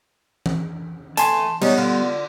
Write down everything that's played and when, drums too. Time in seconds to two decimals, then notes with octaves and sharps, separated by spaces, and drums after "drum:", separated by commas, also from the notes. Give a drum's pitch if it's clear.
0.46 drum: tom E3
1.17 A3 G#5 A5 C6, drum: hi-hat
1.61 G3 B3 C#4 D#4, drum: cymbal
1.77 D3 F4